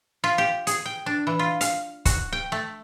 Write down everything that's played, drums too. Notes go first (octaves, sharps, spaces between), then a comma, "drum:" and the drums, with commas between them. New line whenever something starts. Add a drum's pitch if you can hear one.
F4
G4
G#4, drum: hi-hat
G5
D4
E3
F4
F5, drum: hi-hat
F#4, drum: kick, hi-hat
G5
A3